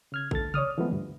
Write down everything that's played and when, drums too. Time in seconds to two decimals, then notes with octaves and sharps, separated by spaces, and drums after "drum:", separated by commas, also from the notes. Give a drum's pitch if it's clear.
0.12 C#3 F6 G#6
0.31 D2 A4 A6, drum: kick A1
0.54 C#5 D5 D#6 F6, drum: tom C3
0.78 E3 F3 G#3 A3 B3
0.92 D2 G2